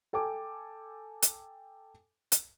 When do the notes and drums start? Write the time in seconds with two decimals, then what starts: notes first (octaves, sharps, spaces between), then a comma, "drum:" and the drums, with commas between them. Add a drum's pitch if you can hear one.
0.13 A4 G5 G#5 D6
1.22 drum: hi-hat
2.32 drum: hi-hat